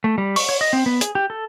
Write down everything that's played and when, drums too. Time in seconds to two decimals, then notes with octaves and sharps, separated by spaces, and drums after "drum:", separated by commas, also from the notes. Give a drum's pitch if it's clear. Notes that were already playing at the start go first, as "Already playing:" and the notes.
0.04 A3
0.18 G3
0.36 C#6, drum: open hi-hat
0.49 C#5
0.61 D#5
0.73 C4
0.86 B3
1.01 G#4, drum: hi-hat
1.15 G4
1.30 A4